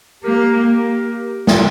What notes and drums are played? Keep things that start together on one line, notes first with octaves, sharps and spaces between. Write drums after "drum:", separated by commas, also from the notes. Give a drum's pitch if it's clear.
A#3 G4 A#4
F4 A4, drum: snare